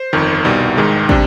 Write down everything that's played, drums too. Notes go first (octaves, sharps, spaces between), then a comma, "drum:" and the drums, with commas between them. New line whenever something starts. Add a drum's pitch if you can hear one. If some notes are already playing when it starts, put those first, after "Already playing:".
Already playing: C5
G1 F2 D#3
C2 B2 G3 D#4
G#1 G#2 D#3 G#3
C3 G3 D4, drum: kick